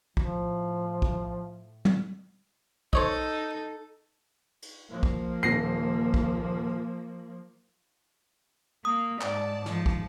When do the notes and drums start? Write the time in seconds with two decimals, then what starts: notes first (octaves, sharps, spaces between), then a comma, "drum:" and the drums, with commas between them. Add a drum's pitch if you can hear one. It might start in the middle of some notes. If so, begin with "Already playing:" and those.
0.17 A2 F3, drum: kick
1.02 drum: kick
1.85 drum: tom
2.93 D#4 A4 C5 C#5 D#5, drum: kick
4.62 drum: cymbal
4.91 F3 A#3
5.03 drum: kick
5.43 D#1 A#6 C7
6.14 drum: kick
8.85 A#3 D#6
9.21 G#2 D5 A5, drum: clap
9.66 F3, drum: snare
9.86 drum: kick